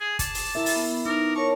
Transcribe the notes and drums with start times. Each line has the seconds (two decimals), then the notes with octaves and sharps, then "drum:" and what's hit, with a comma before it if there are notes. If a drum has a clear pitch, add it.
0.01 G#4
0.19 A5 D6, drum: kick, hi-hat
0.35 drum: open hi-hat
0.55 E4 A#4 E5
0.66 drum: open hi-hat
0.76 B3
1.06 B3 D#4 A#4 D6
1.36 A#4 C#5 A5 C#6